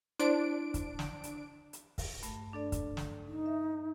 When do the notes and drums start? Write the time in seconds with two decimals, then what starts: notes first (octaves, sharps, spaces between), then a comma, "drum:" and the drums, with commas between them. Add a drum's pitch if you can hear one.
0.19 D4 E4 C5 D5 D7
0.74 drum: kick, hi-hat
0.99 drum: snare
1.24 drum: hi-hat
1.73 drum: hi-hat
1.98 drum: kick, open hi-hat
2.23 G2 A3, drum: hi-hat
2.53 D4 A4 D5
2.72 drum: kick, hi-hat
2.97 drum: snare
3.26 D#4
3.46 E5